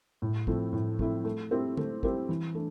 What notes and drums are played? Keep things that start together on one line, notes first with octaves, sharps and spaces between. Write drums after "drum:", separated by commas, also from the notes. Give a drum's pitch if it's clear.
A2
F3 A3 C4 E4, drum: kick
A2
F3 A3 C4 E4, drum: kick
A3
C4 E4 G4 C5
A3, drum: tom D3
C4 E4 G4 C5, drum: kick
E3
A3 D4